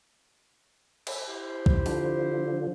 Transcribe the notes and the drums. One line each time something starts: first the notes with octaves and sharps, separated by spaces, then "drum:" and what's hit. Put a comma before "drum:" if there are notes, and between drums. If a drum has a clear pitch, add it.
drum: cymbal
E4 G4 C5
drum: kick
D3 F3, drum: open hi-hat